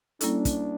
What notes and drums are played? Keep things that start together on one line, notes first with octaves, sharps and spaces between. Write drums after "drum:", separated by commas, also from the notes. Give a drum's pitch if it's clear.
G3 A#3 C#4 D4 E4 A4, drum: hi-hat
drum: kick, hi-hat